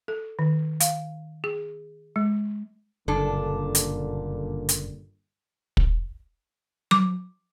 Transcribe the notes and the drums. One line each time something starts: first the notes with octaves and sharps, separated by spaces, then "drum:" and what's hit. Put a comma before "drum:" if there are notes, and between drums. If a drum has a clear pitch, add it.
A4
D#3
F5, drum: hi-hat
G#4
G#3
F#1 G2 A#2 D3 D4 A4
drum: hi-hat
drum: hi-hat
drum: kick
D6, drum: tom F#3